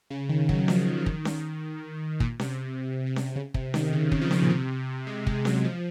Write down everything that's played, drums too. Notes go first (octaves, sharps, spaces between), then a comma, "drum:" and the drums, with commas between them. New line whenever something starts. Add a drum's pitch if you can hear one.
C#3
D#3
F#3, drum: kick
F3, drum: snare C#4
F#3
F3
D#3, drum: kick
drum: snare C#4
A#2, drum: kick
C3, drum: snare C#4
C3
drum: snare C#4
C#3
C3, drum: kick
D#3, drum: snare C#4
C#3
C#3, drum: kick
F3
D#3, drum: snare C#4
A#2
C3
G#3
G#3, drum: kick
F#3, drum: snare C#4
F3